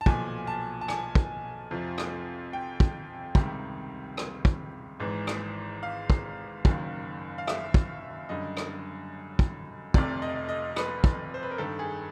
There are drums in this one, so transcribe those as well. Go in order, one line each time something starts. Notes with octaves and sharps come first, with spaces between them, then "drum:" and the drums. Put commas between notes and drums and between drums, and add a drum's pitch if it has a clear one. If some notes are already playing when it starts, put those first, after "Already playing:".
A5
B1 A#2 F3 G#5, drum: kick
A5
A5
G#5, drum: rim click
drum: kick
F2 C3 F3
drum: rim click
G5
drum: kick
C#2 C3 D#3 G3, drum: kick
drum: rim click
drum: kick
G#1 G#2 E3
drum: rim click
F5
drum: kick
F#1 F#2 D#3, drum: kick
F5
E5, drum: rim click
drum: kick
F#2 D3 G3 D#5
drum: rim click
drum: kick
F1 F2 C3 D5, drum: kick
D#5
D#5
B4, drum: rim click
drum: kick
C5
B4
A#4
G2 D#3 G3 A4
G#4